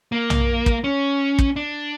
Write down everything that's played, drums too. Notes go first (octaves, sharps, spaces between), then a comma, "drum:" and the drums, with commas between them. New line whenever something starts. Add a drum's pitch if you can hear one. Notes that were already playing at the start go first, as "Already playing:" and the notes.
A#3
drum: tom B1
drum: kick
C#4
drum: kick
D4